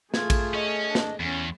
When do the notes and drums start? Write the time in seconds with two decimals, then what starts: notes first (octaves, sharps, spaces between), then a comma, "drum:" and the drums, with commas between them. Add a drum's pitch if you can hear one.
0.14 A3 F4 G#4 G#6, drum: snare
0.30 drum: kick A1, cymbal
0.54 C#4 D#5
0.86 D4
0.95 drum: snare
1.20 E2 C#4